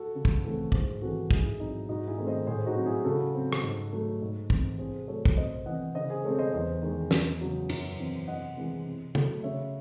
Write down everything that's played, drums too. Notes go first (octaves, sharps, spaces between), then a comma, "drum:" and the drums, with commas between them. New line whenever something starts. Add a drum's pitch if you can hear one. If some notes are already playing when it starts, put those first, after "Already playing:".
Already playing: F#4 A4
C#3
drum: kick
E3 A3 C4
G#2 G#4 C5, drum: kick
E3 C4 F#4 A4
G#2 E4 G#4, drum: kick
E4
F#3 C4 D#4
G#2 D#4 F#4
E4 G#4
D#3 A3 C4
C5 D#5
A2 G#4 C5
D#4 F#4
F#3 C4
E4 G#4
C#3 F#4 A4
F#3 C4
drum: rim click
G#2
F#3 A3
G#2
E3 C4, drum: kick
C3 G#4 C5
F#3 A3 A4 C#5
drum: kick
C3 C5 D#5
E3 C4 D#5 F#5
C#3 C5 D#5
G#4 C5
G#3 C4 A4 C#5
C5 D#5
E2 C5 D#5
D#3 G#3
E2, drum: snare
C#3 F#3
F#2, drum: cymbal
E3 C4
C3 D#5 F#5
E3 G#3 C4
C3
F#3 A3, drum: tom
C#3 C#5 E5